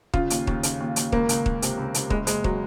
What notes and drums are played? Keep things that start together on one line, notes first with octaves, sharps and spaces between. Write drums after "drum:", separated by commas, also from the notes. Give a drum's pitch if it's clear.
C#3 F4, drum: kick
D#2, drum: hi-hat
D#2, drum: kick
C#3, drum: hi-hat
D#2
D#2, drum: hi-hat
C#2 A#3, drum: kick
C#2, drum: hi-hat
C#2, drum: kick
C3, drum: hi-hat
C#2
C#2, drum: hi-hat
F#1 G#3, drum: kick
F#1 G#3, drum: hi-hat
F#3, drum: kick